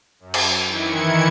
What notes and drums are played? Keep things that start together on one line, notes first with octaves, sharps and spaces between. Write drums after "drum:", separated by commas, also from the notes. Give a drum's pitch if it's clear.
F#2
drum: cymbal
D#3 E3 E4 G#6 C#7